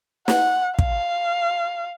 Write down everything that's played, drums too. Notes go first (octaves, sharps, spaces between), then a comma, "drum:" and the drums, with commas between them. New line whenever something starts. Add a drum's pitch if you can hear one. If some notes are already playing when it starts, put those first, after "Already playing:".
F#5, drum: snare
F5, drum: kick